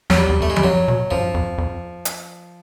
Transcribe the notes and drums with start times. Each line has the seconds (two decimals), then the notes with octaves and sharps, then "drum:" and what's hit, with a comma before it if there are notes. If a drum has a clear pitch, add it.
0.10 F2 F#3, drum: snare
0.17 E2 G3
0.29 E2
0.40 F2 A3
0.50 G#3
0.56 G3, drum: tom F3
0.63 F#2 F#3
0.88 B2
1.11 F#2 F3
1.18 G2
1.25 F#2
1.34 F2
1.58 F2
2.05 drum: hi-hat